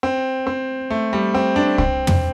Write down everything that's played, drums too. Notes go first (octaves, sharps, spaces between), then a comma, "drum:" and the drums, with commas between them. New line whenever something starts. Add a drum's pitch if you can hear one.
C4
C4
A3
G3
C4
D4
C4, drum: kick C2
drum: tom